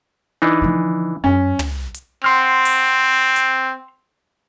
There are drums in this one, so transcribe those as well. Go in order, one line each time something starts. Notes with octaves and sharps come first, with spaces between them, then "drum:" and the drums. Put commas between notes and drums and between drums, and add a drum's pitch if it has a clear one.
E3 D4 D#4
D3 F3
F#2 C#4
drum: tom
drum: hi-hat
C4 F#5 C6 F6
drum: open hi-hat
drum: hi-hat